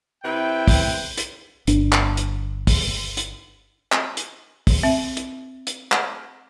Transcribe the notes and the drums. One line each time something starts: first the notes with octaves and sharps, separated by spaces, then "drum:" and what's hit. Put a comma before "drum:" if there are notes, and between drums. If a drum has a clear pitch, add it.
C3 E4 B4 G5
drum: kick, open hi-hat
drum: hi-hat
G1 D4, drum: hi-hat
drum: clap
drum: hi-hat
drum: kick, open hi-hat
drum: hi-hat
drum: clap
drum: hi-hat
drum: kick, open hi-hat
C4 E5
drum: hi-hat
drum: hi-hat
drum: clap